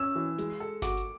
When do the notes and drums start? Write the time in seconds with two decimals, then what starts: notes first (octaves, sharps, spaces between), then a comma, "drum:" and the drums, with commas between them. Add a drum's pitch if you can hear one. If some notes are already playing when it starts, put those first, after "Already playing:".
Already playing: C#4 E6
0.15 E3
0.38 G#3, drum: hi-hat
0.60 A4
0.82 F#4 D6, drum: snare G1
0.97 drum: hi-hat